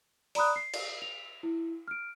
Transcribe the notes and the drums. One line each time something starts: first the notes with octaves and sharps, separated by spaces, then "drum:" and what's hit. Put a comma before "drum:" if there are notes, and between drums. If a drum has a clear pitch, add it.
D5 A#5 B5 D#6 F#6, drum: open hi-hat
C7
drum: cymbal
F7
E4
F6 D7